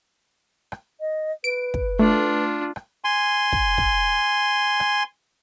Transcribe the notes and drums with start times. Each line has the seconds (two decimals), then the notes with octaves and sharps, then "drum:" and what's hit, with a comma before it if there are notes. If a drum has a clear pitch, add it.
0.72 drum: rim click
1.00 D#5
1.44 B4 D7
1.74 drum: kick
1.99 A3 D4 F4
2.76 drum: rim click
3.04 G#5 C6
3.52 drum: kick
3.78 drum: kick
4.80 drum: rim click